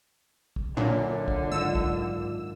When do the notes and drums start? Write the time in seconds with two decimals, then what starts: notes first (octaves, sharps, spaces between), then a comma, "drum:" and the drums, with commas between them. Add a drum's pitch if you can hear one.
0.56 drum: kick
0.77 F#2 A#2 D3 B3 D4 C#5 G#5
1.28 drum: kick
1.52 G#2 D#3 F#3 F4 D#5 E6
1.75 drum: kick